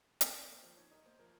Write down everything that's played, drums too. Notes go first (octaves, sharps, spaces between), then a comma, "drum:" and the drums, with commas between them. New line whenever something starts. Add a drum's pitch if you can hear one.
D#4 C5, drum: hi-hat
A#4 C5
A#3 C5
F3 C5
D#4 C#5
A#4 D#5
A#3 C5
F3 A#4